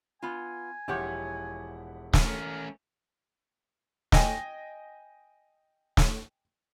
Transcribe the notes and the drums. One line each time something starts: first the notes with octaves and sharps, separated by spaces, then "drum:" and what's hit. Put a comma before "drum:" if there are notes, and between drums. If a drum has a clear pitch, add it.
B3 F4 G#5
E1 F3 E4 G4 C#5 F#5
A3 C#4 A#4, drum: snare
D#5 G5 G#5, drum: snare
drum: snare